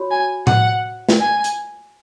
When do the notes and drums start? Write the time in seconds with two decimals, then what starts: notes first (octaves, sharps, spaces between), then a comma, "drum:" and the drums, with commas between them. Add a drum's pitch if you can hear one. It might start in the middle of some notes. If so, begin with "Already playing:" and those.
Already playing: F#4 C#5 B5
0.11 G#5
0.47 F#5, drum: tom A2
1.09 drum: snare
1.21 G#5
1.44 drum: hi-hat